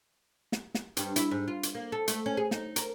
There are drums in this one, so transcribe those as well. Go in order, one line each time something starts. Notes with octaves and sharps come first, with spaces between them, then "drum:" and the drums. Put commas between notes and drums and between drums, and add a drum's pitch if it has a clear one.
drum: snare
drum: snare
G2, drum: hi-hat
E4, drum: hi-hat
G#2
F4
drum: hi-hat
A#3
A4
A3, drum: hi-hat
C#4
G#4
D#4, drum: snare
A#4, drum: hi-hat